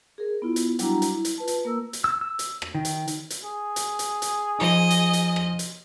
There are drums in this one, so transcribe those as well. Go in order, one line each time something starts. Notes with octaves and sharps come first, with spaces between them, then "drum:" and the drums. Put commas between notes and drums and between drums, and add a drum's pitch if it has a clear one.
G#4 A#4
B3 E4 F4
drum: hi-hat
F#3 G3 D4 E4 F#4 A#5, drum: hi-hat
drum: hi-hat
E4
drum: hi-hat
F4 B4 A5
drum: hi-hat
A#3 A#4 E6
drum: hi-hat
E6
E6
drum: hi-hat
drum: rim click
D#3
drum: hi-hat
drum: hi-hat
drum: hi-hat
G#4
drum: hi-hat
drum: hi-hat
drum: hi-hat
F3 D#4 D#5
drum: hi-hat
drum: hi-hat
drum: rim click
drum: hi-hat